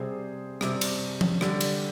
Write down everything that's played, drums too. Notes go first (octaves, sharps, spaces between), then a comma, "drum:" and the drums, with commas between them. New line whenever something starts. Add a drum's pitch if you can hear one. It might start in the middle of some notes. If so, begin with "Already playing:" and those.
Already playing: C3 G3 G#4 C5
C3 G3, drum: rim click
drum: cymbal
drum: tom F3
D3 G3, drum: rim click
drum: cymbal